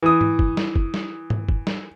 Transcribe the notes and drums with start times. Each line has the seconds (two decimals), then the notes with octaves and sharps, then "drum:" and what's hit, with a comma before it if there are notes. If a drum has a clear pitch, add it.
0.03 E3 D#6
0.21 drum: tom G#2
0.39 drum: kick
0.57 drum: snare
0.76 drum: kick
0.94 drum: snare
1.30 drum: tom G#2
1.49 drum: kick
1.67 drum: snare